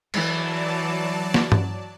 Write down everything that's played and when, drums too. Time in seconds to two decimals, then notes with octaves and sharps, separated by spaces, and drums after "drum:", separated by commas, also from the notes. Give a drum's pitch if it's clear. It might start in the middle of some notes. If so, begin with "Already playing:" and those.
0.14 E3 F#3 D5 A5, drum: cymbal
1.34 drum: snare
1.52 drum: tom G2